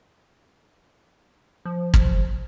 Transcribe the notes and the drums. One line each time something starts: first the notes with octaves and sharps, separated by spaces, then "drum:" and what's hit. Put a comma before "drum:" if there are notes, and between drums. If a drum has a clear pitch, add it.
F3
drum: kick